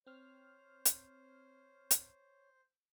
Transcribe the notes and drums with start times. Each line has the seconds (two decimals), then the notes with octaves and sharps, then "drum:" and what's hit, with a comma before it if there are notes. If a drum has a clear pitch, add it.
0.06 C4 C5 C#5 F6
0.85 drum: hi-hat
1.91 drum: hi-hat